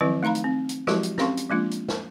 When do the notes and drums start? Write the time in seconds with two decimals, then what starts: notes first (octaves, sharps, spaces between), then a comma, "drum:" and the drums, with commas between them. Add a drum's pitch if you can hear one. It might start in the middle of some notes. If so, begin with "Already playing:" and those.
0.01 D#3 F3 F#3 C4 E4 B4
0.23 A3 D#4 F5 A#5 B5
0.35 drum: hi-hat
0.44 C4
0.69 drum: hi-hat
0.87 F3 F#3 G#3 E4 F#4 G4, drum: snare
1.03 drum: hi-hat
1.18 C4 C#4 G4 F5 C6 C#6, drum: snare
1.37 drum: hi-hat
1.50 F3 G#3 A#3 D4 F4
1.71 drum: hi-hat
1.88 drum: snare